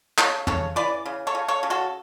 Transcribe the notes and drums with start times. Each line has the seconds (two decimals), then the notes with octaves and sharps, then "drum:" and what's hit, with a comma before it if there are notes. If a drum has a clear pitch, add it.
0.18 C#3 A4 C#5, drum: clap
0.47 C#3 A4 C#5, drum: tom
0.76 E3 B4 D5
1.06 C#3
1.27 A4 C#5
1.35 C#3
1.48 A4 C#5
1.63 C#3
1.70 F#4 A4